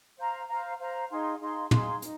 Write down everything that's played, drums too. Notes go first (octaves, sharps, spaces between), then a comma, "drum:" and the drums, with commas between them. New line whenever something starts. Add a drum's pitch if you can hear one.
C5 F5 A#5
C5 F5 A#5
C5 F5 A#5
D#4 G#4 F5 C6
D#4 G#4 F5 C6
D#4 G#4 F5 C6, drum: tom
D#4, drum: hi-hat